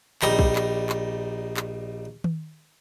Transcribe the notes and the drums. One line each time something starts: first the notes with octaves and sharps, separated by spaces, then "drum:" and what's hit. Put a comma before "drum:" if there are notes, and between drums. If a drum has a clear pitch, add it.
A#1 G3 D#4 A#5, drum: clap
drum: kick B1
drum: clap
drum: clap
drum: clap
drum: tom D#3